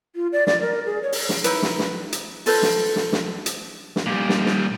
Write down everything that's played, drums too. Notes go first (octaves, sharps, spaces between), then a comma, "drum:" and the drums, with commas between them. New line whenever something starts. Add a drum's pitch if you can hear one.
F4
D5
D5, drum: snare
A#4
G#4
C#5
drum: open hi-hat
drum: snare
D#4 E4 B4, drum: hi-hat
drum: snare
drum: snare
drum: hi-hat
F4 A4 B4 C5, drum: open hi-hat
drum: snare
drum: snare
drum: snare
drum: hi-hat
drum: snare
A#2 G3
drum: snare
drum: snare